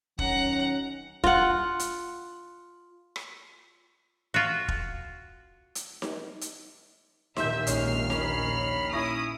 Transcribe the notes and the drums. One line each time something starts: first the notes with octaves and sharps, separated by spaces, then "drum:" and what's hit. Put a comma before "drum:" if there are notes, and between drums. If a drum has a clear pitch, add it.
D#3 F#3 C#4 F#5 A#5, drum: kick E1
F4 F#5, drum: kick E1
drum: hi-hat
drum: rim click
F4 F#4
drum: kick E1
drum: hi-hat
drum: snare D#4
drum: hi-hat
D#2 A#2 D#3 E5 C6 G6, drum: snare D#4
A#1 G#3 C#4 F6 C7, drum: hi-hat
C#4 C#5 A#5 B5, drum: snare D#4
C#4 E4 C#6 D#6 A#6